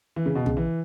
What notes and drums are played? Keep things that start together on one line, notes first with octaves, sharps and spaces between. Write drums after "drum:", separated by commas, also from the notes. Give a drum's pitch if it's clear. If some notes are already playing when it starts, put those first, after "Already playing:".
E3
C#3
B2
C#3, drum: tom
E3